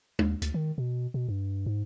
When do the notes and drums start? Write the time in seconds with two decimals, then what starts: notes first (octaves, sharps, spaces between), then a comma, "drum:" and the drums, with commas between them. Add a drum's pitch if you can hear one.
0.19 D#2, drum: tom
0.42 D2, drum: hi-hat
0.54 D#3
0.78 B2
1.14 B2
1.29 G2
1.66 G#2